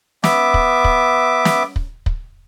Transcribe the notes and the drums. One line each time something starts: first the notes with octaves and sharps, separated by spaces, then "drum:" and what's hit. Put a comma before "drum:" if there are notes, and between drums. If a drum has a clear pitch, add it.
B3 E5 D6, drum: snare
drum: kick
drum: kick
drum: snare
drum: kick
drum: kick